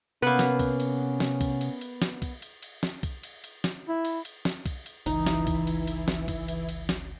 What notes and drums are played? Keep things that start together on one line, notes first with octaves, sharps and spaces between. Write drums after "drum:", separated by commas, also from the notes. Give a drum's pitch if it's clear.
C3 A#3 B3 C#4 B4
drum: snare
drum: kick, cymbal
drum: cymbal
drum: snare
drum: kick, cymbal
drum: cymbal
drum: cymbal
drum: snare
drum: kick, cymbal
drum: cymbal
drum: cymbal
drum: snare
drum: kick, cymbal
drum: cymbal
drum: cymbal
drum: snare
E4
drum: cymbal
drum: cymbal
drum: snare
drum: kick, cymbal
drum: cymbal
G1 C#2 E3 D#4 E4, drum: cymbal
drum: snare
drum: kick, cymbal
drum: cymbal
drum: cymbal
drum: snare
drum: kick, cymbal
drum: cymbal
drum: cymbal
drum: snare